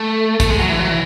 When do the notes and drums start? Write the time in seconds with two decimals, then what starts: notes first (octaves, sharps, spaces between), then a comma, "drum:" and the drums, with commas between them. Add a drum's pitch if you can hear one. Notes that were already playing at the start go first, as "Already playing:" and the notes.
Already playing: A3
0.40 A3, drum: kick, hi-hat
0.50 G#3
0.59 F#3
0.69 E3
0.79 F#3
0.90 E3